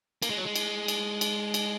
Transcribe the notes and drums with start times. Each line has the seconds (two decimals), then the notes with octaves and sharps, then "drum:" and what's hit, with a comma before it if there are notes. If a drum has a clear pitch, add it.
0.22 A#3, drum: cymbal
0.30 G#3
0.37 F#3
0.45 G#3
0.56 drum: cymbal
0.88 drum: cymbal
1.21 drum: cymbal
1.54 drum: cymbal